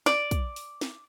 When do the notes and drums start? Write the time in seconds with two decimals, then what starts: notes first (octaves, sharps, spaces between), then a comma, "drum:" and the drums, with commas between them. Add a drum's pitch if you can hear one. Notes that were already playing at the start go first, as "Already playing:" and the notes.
0.06 D5, drum: snare
0.31 drum: kick, hi-hat
0.56 drum: open hi-hat
0.81 drum: snare